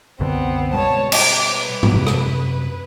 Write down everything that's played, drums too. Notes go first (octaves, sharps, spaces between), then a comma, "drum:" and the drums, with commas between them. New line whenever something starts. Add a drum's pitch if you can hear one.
C2 F#2 D3 B3 C4
B2 G3 G#3 C#5 A5
D6, drum: cymbal
B4
drum: tom G#2
F#2 C3
drum: rim click